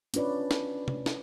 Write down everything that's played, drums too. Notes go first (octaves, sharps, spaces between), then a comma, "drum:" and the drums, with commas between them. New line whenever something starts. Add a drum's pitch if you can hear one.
C#4 D4 F4 B4 C#5 D5, drum: hi-hat
drum: snare
drum: tom C3
drum: snare